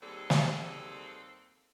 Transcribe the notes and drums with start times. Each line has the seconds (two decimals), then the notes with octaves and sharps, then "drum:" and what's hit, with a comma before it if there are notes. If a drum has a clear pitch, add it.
0.01 D#2 G3 C4 G#4 A4
0.30 drum: snare